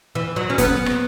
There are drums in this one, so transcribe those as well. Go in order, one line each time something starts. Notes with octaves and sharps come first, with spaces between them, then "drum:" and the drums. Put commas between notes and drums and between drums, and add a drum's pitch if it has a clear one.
E3
F#3
C#4
B3, drum: kick F#1, hi-hat
drum: rim click